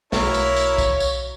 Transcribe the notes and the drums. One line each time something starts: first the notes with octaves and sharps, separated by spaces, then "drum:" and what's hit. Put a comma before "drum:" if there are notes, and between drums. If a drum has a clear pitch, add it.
B1 E4 F#4 A#4 C#5 F5 A#5, drum: snare
drum: tambourine
drum: tambourine
drum: kick, tambourine
drum: tambourine